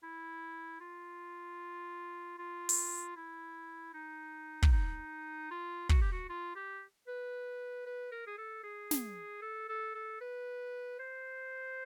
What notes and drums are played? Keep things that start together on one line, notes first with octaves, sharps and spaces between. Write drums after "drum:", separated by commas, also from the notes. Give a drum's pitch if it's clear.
E4
F4
F4
drum: open hi-hat
E4
D#4
drum: kick
D#4
F4
F#4, drum: kick
G4
F#4
F4
G4
B4
B4
A#4
G#4
A4
G#4
drum: snare
A4
A4
A4
B4
C5